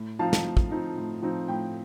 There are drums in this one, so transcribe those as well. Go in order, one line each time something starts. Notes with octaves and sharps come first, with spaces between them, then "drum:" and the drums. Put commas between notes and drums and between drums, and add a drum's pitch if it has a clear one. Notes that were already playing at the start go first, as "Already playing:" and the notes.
Already playing: A2
F3 C4 D#4 F5 A5
drum: snare
A2
drum: kick
F3 C4 D#4
A2
F3 C4 D#4
A2 G5